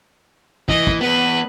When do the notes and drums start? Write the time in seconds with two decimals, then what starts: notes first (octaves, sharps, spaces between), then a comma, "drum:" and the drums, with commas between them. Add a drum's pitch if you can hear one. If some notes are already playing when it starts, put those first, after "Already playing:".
0.69 E3 D#5, drum: kick
0.87 drum: kick
1.01 E2 B3 B4